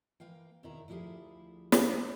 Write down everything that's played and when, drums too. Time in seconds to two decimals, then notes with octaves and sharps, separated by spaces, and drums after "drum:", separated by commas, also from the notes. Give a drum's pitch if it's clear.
0.20 E3 A#3 F5 G5
0.63 E2 B2 D#3 E4 A#4 A#5
0.88 D2 F3 E4 G4 G#4 F5
1.72 drum: snare